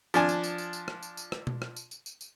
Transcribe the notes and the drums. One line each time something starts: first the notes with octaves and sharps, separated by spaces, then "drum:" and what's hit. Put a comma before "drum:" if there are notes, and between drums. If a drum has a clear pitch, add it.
F3 D4 G#5, drum: tambourine
drum: tambourine
drum: tambourine
drum: tambourine
drum: tambourine
drum: rim click
drum: tambourine
drum: tambourine
drum: rim click
drum: tom B2
drum: rim click
drum: tambourine
drum: tambourine
drum: tambourine
drum: tambourine